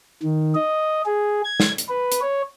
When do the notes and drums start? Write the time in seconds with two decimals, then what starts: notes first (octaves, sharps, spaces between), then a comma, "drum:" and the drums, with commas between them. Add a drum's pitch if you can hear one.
0.23 D#3
0.55 D#5
1.06 G#4
1.45 G#6
1.60 drum: snare
1.78 drum: hi-hat
1.89 B4
2.12 drum: hi-hat
2.21 C#5